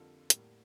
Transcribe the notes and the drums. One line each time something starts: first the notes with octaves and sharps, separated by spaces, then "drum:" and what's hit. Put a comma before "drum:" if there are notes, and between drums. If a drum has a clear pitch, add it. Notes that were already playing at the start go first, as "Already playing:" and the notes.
Already playing: F2 D3 G3 A#3 F4 A4
A2 G3 A#3, drum: hi-hat